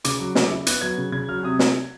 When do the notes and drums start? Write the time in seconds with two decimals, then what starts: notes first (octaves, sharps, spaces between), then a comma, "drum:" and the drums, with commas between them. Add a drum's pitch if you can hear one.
0.05 C#3 D6, drum: hi-hat
0.20 F#3
0.35 C#3, drum: snare
0.51 E4
0.67 B3 F#6, drum: hi-hat
0.81 F#3 G#6
0.98 C#3
1.12 C#3 G#6
1.29 F#3 F6
1.43 C3 D#6
1.59 drum: snare